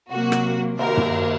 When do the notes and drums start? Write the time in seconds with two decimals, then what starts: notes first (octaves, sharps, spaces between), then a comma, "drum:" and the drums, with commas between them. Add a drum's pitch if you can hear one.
0.11 C3 F#3 A#3 F#4
0.32 drum: rim click
0.79 D#3 A#3 A#4, drum: cymbal
0.97 drum: tom